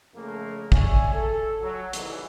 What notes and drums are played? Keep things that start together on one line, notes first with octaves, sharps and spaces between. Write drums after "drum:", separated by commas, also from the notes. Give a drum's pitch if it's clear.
F2 C#3 A3 A#3
G#4 C#5 D5 E5 G#5, drum: kick
A4
F#3
C2 G#2 D#3 E3, drum: hi-hat